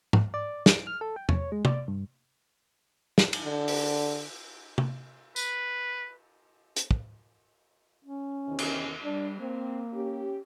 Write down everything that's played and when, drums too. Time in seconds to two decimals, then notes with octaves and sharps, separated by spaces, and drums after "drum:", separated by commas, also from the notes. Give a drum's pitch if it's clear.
0.13 drum: tom G#2
0.34 D5
0.66 D7, drum: snare
0.87 F6
1.01 A4
1.16 G5
1.29 C#5, drum: tom E2
1.52 G#3
1.65 D5, drum: tom
1.88 G2
3.18 drum: snare
3.33 drum: cymbal
3.44 D3
3.68 drum: open hi-hat
4.78 drum: tom
5.36 B4, drum: tambourine
6.76 drum: hi-hat
6.91 drum: kick
8.05 C#4
8.47 E2 C3 D#3
8.59 drum: cymbal
9.01 G3 D4
9.40 A#3 C4
9.93 C#4 G4